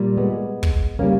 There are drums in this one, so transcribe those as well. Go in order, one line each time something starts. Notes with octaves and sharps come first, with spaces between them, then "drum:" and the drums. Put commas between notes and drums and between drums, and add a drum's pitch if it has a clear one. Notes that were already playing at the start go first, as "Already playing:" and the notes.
Already playing: A#2 G3
G#3 B3
drum: kick
C#3 G3 A#3 C#4